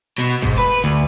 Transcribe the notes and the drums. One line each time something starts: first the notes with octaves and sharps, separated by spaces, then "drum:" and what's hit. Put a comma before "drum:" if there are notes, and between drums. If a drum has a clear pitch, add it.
B2
G#2, drum: kick
B4
D2